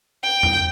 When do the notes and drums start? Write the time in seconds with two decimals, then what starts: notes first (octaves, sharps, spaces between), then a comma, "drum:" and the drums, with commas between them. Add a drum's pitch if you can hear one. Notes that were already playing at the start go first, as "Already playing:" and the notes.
0.23 G5
0.43 drum: tom E2